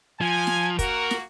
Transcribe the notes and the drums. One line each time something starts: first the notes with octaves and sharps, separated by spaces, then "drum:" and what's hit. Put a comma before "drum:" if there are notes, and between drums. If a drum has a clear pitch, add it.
F3 G#5
drum: snare
A#3 F#4 A#4, drum: kick, hi-hat
drum: snare